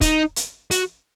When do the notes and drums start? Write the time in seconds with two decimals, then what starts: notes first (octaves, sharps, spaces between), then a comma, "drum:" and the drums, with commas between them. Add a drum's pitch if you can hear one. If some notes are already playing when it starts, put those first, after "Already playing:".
0.01 D#4, drum: kick, hi-hat
0.36 drum: hi-hat
0.71 F#4, drum: hi-hat